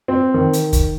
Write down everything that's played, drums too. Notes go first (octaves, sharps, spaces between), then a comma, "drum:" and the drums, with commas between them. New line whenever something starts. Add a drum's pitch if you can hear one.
C4
D#3
drum: hi-hat
drum: kick, hi-hat